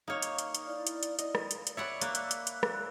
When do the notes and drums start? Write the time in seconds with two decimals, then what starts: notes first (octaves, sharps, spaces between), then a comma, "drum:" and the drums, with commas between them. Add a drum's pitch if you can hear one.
0.08 A#3 D#4 C#5 F5
0.22 drum: hi-hat
0.39 drum: hi-hat
0.55 drum: hi-hat
0.66 E4 D5
0.87 drum: hi-hat
1.03 drum: hi-hat
1.19 D5 D#5, drum: hi-hat
1.35 drum: rim click
1.51 drum: hi-hat
1.67 drum: hi-hat
1.77 C#5 D5 E5 F#5 B5 D#6
2.01 A#3 D5 F#6, drum: hi-hat
2.15 drum: hi-hat
2.31 drum: hi-hat
2.47 drum: hi-hat
2.63 drum: rim click